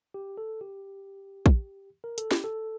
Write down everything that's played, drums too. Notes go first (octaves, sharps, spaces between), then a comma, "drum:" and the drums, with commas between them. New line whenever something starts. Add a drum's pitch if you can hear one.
G4
A4
G4
drum: kick
A#4
A4, drum: hi-hat
G4, drum: snare
A4